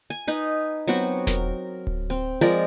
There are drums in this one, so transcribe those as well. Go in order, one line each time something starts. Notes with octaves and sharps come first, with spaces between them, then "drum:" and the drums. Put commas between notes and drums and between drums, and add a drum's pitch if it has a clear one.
G#5
D#4 B4
F#3 B3 C4 F#4
A#4, drum: snare E1
drum: kick D1
C4
F3 G#3 A#4 D5, drum: hi-hat